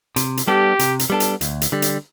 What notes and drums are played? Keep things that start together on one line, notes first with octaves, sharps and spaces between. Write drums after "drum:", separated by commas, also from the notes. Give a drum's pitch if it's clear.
C3, drum: hi-hat
drum: hi-hat
G3 B3 D4 G4 A4
C3, drum: hi-hat
drum: hi-hat
G3 B3 D4 A4
drum: hi-hat
D2, drum: hi-hat
drum: hi-hat
D3 G3
drum: hi-hat